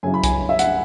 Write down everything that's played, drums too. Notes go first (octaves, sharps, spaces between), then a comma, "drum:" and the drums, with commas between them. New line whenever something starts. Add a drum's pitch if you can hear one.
F#2 C#3 F#3 C#4 E4 G#5
B5
G#5, drum: kick, hi-hat
E5
F#5, drum: hi-hat